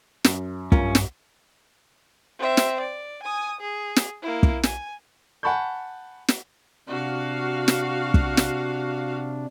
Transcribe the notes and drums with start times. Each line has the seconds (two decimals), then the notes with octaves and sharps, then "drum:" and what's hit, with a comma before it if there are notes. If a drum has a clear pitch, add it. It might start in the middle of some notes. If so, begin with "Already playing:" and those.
0.24 F#2, drum: snare
0.72 G2 C#4 F4 A#4, drum: kick
0.95 drum: snare
2.39 C4 E5
2.57 drum: snare
2.80 D5
3.23 G#5 D#6
3.61 G#4
3.96 drum: snare
4.22 A#3 E4
4.43 drum: kick
4.63 G#5, drum: snare
5.43 F#5 G#5 A5 B5 C#6 G6
6.28 drum: snare
6.89 C3 D4 F#4 F5
7.68 drum: snare
8.14 drum: kick
8.37 drum: snare